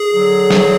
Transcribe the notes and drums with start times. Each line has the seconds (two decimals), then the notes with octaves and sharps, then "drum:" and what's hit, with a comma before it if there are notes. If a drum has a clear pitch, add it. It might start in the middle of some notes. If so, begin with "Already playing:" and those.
Already playing: G#4
0.13 D3 F#3
0.50 drum: snare